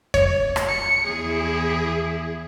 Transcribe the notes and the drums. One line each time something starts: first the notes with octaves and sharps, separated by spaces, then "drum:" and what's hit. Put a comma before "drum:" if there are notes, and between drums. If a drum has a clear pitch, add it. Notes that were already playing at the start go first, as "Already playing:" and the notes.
C#5, drum: kick F2
drum: rim click
C#7
E2 E4 G#4